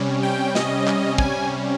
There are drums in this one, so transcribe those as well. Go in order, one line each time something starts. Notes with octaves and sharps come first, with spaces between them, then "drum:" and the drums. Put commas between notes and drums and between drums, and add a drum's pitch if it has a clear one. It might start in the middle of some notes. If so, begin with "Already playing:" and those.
Already playing: C3 G3 C#4
G5
D#5, drum: snare
drum: clap
G#5, drum: kick